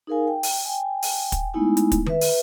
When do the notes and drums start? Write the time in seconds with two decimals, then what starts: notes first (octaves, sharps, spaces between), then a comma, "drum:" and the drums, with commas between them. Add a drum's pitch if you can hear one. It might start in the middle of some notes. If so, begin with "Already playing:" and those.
0.07 D#4 G#4 A#4 F5 G#5
0.27 G5
0.43 drum: open hi-hat
0.65 G5 G#5
1.02 drum: open hi-hat
1.32 drum: kick, hi-hat
1.54 G#3 A3 B3 D#4 E4 G#5
1.77 drum: hi-hat
1.92 drum: kick, hi-hat
2.06 B4 E5, drum: tom D#3
2.21 drum: open hi-hat